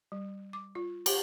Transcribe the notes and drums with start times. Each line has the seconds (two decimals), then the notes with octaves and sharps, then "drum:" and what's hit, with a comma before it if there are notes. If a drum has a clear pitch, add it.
0.12 G3
0.53 D6
0.75 F4
1.06 G4, drum: cymbal